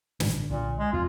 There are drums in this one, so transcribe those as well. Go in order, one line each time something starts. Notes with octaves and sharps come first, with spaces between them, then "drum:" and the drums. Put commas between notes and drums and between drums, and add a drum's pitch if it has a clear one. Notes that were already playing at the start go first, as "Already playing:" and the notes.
A1 G2 D#3, drum: snare
D3
B1 A#2 D3
G#3
E1 F2 C4 F4